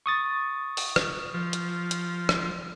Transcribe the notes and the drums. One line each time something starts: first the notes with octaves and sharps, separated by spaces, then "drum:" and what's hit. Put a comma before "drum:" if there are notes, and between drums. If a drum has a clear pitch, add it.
C#6 D#6 A6
drum: open hi-hat
drum: rim click
F3
drum: hi-hat
drum: hi-hat
drum: rim click